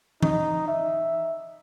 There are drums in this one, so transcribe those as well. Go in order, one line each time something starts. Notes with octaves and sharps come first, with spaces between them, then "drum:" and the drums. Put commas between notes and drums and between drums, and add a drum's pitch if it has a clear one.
D#4, drum: tom E3
E5